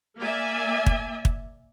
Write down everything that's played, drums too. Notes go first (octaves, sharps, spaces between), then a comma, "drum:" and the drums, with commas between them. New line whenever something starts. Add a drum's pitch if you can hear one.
A#3 D5 E5 G#5
drum: kick
drum: kick